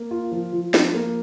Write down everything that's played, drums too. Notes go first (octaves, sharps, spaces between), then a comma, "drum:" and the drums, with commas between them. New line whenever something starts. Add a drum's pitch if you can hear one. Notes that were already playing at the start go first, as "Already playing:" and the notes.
Already playing: A#3
F4
F3
F3
F3, drum: snare
A#3